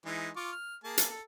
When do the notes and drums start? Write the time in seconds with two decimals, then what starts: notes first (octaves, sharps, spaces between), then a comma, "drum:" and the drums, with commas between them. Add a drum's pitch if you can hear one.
0.06 E3 G#3 D#4
0.36 F4 C#6 D6
0.52 F6
0.84 A#3 G#4 A5
0.98 drum: hi-hat
1.10 A4